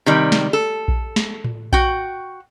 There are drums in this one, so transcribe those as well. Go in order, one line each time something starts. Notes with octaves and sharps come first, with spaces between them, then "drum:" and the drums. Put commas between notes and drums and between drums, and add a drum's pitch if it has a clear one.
C3 D#3 G3
drum: snare
A4
drum: kick A#1
drum: snare
drum: tom A2
F#4 G5, drum: kick A#1